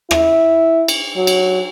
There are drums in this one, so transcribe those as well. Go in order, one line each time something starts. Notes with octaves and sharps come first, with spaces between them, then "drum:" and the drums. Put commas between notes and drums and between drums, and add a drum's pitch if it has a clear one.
E4, drum: rim click
drum: cymbal
F#3
drum: cymbal